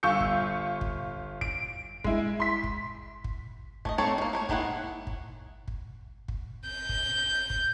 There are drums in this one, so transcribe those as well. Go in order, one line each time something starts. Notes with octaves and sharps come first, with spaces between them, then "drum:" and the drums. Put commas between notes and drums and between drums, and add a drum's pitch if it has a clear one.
G1 F4 C#6 E6 G6 C#7
drum: kick G1
drum: kick G1
D7, drum: kick G1
G#3 E4, drum: kick G1
C6 B6
drum: kick G1
drum: kick G1
A3 C#5 D#5, drum: kick G1
A3 A#3 C4 A4 C#5
G#3 A#3
A3 C5 C#5
D#3 G#3 A#3 E4 F#5, drum: kick G1
drum: kick G1
drum: kick G1
drum: kick G1
G6
drum: kick G1
drum: kick G1